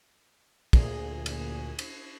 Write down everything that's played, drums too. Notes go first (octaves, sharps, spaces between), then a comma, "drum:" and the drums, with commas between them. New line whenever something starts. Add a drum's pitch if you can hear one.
D2 A#2 G#4, drum: kick, cymbal
drum: cymbal
drum: cymbal